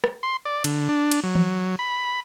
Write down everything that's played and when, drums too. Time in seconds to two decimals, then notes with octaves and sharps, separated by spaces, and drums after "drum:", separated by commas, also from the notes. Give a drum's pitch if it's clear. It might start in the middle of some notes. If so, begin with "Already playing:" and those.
0.04 drum: rim click
0.23 C6
0.45 D5
0.64 D3, drum: cymbal
0.89 D4
1.11 drum: cymbal
1.24 F#3
1.35 drum: tom E3
1.79 B5